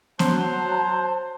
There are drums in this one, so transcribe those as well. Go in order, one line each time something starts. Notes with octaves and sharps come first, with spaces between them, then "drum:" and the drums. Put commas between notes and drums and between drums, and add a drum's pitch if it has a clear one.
F#3 C5 A5, drum: snare B3